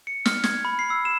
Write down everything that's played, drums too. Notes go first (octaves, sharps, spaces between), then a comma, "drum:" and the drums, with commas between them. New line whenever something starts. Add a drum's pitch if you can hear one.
C#7
F6, drum: snare
G#6, drum: snare
B5
C7
E6
E7